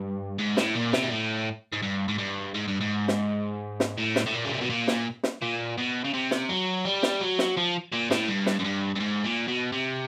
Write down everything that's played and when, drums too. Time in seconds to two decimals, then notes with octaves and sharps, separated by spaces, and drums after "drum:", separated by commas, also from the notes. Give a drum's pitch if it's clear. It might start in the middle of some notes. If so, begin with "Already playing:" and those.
Already playing: G2
0.39 G#2
0.57 A2, drum: snare
0.75 A#2
0.93 C3, drum: snare
1.03 A#2
1.11 A2
1.73 G#2
1.83 G2
2.08 G#2
2.18 G2
2.55 G#2
2.68 G2
2.81 G#2
3.08 drum: snare
3.80 drum: snare
3.98 A2
4.16 drum: snare
4.26 A2
4.33 A#2
4.45 C#3
4.53 C3
4.61 B2
4.70 A#2
4.88 drum: snare
5.23 drum: snare
5.42 A#2
5.78 B2
6.04 C#3
6.13 C3
6.31 drum: snare
6.49 F#3
6.85 G3
7.03 drum: snare
7.21 F#3
7.39 drum: snare
7.57 F3
7.93 A#2
8.11 A2, drum: snare
8.28 G2
8.46 drum: snare
8.60 F#2
8.65 G2
8.96 G2
9.00 G#2
9.25 A#2
9.48 B2
9.73 C3